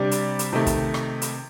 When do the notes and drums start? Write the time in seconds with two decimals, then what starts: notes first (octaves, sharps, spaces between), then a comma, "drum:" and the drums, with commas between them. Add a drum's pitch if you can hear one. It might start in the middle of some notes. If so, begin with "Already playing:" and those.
Already playing: C3 G3 D4
0.11 drum: hi-hat
0.39 drum: hi-hat
0.53 C3 D#3 A3
0.67 drum: kick, hi-hat
0.94 drum: rim click
1.22 drum: hi-hat